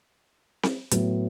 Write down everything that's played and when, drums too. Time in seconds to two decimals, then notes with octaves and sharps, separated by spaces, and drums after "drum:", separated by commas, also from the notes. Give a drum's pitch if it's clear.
0.63 drum: snare C4
0.91 A2 F#3 B3, drum: hi-hat